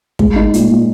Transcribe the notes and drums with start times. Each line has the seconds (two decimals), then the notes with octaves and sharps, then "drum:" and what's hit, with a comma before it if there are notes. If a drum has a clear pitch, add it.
0.19 G#3, drum: kick
0.36 D#4
0.54 A#2, drum: hi-hat
0.70 A#2